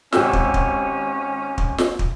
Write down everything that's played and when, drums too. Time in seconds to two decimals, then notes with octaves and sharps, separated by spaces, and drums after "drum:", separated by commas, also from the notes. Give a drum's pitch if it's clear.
0.12 G#1 C#4 G4 E6, drum: snare
0.33 drum: kick
0.54 drum: kick
1.58 drum: kick
1.78 drum: snare
1.99 drum: kick